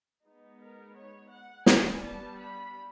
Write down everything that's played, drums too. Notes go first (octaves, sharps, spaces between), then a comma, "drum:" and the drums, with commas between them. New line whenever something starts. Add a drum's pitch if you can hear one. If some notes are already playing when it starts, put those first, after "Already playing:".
G#3 B3 D#4
A#4
C#5
F#5
G3 B3 D4 G#5, drum: snare
A5
B5